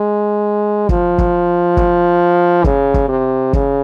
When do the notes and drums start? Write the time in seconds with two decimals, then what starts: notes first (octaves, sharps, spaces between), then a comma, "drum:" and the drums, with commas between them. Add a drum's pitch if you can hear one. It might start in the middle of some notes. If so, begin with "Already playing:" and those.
Already playing: G#3
0.89 F3, drum: kick
1.18 drum: kick
1.77 drum: kick
2.64 C#3, drum: kick
2.94 drum: kick
3.08 C3
3.53 C#3, drum: kick